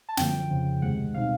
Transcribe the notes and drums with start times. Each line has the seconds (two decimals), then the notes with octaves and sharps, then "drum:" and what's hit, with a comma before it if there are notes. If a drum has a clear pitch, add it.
0.09 A5
0.17 F#2 D3 F3 G5, drum: snare
0.50 F2 C#3 F3
0.82 D2 C3 D#3 G#3 C4 F#5
1.14 B2 G3 C4 D#4 F5